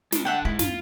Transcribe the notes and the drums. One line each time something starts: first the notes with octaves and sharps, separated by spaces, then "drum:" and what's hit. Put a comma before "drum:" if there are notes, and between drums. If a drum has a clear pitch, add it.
G#3 F4, drum: snare
D3 E5 F#5 G5 A5
D#2 G#2 G#3 E4
F#2 F4, drum: snare